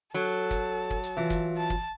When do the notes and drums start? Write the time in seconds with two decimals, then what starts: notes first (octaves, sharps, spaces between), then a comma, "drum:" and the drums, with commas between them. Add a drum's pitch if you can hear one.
0.14 F#3 A4 A5
0.51 drum: kick, hi-hat
0.90 drum: kick
1.04 drum: hi-hat
1.17 E3 F4
1.30 drum: kick, hi-hat
1.57 A5
1.70 drum: kick